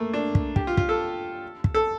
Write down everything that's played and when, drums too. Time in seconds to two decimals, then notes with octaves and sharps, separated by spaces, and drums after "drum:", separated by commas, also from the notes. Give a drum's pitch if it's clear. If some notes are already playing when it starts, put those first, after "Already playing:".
Already playing: A3 A#3
0.13 D4
0.35 drum: kick
0.56 G4, drum: kick
0.67 F4
0.77 F4, drum: kick
0.89 A4
1.64 drum: kick
1.74 A4